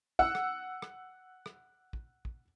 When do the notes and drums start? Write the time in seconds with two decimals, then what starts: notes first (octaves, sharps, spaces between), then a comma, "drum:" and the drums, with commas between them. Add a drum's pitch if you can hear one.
0.19 F#5 E6, drum: kick
0.35 drum: rim click
0.82 drum: rim click
1.46 drum: rim click
1.93 drum: kick
2.25 drum: kick